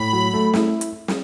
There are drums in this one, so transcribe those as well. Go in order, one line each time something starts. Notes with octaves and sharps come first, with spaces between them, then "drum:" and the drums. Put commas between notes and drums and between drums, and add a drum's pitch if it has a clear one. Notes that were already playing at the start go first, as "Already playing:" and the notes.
Already playing: A2 B5
F#3
A3
E4, drum: snare
drum: hi-hat
drum: snare